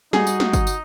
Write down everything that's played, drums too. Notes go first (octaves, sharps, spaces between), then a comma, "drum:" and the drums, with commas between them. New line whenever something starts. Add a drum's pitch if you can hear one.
G3 D#4 F#4 G#4, drum: snare
drum: tambourine
drum: snare
drum: kick G1, tambourine
drum: tambourine